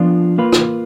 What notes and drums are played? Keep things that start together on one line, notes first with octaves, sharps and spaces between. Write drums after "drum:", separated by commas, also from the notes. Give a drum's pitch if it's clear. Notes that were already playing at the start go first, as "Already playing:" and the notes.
Already playing: F3 B3 D4 F4
A#3 F4 B4
drum: rim click